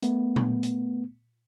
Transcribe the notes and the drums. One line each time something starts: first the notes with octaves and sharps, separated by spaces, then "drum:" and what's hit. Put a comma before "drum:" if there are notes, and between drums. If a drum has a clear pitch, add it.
A3 B3, drum: hi-hat
drum: tom A#2
drum: hi-hat